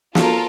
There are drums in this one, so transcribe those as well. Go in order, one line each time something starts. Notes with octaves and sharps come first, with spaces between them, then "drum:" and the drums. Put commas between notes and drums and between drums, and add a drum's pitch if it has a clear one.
C#4 F4 A4 A#4, drum: snare